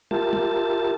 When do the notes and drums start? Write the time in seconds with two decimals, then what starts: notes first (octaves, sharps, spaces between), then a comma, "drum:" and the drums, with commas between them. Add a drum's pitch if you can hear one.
0.11 F4 G4 A#4 E5 A5, drum: tom
0.33 drum: tom